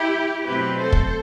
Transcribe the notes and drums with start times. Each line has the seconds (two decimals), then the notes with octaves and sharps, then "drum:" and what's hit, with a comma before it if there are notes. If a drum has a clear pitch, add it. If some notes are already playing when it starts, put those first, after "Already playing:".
Already playing: E4 G4
0.43 B2 F#3 A3 C4 G4 B4
0.79 A4 C5
0.92 drum: kick